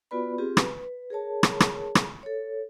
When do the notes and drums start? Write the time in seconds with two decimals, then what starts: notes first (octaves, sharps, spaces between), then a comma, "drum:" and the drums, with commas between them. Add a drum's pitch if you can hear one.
0.11 B3 F4 F#4 B4 D5 B5
0.38 C4 F4 G4 G#4
0.57 B4, drum: rim click
1.10 G#4 A#4 C#5 A5
1.43 drum: rim click
1.60 drum: rim click
1.95 drum: rim click
2.23 A4 C#5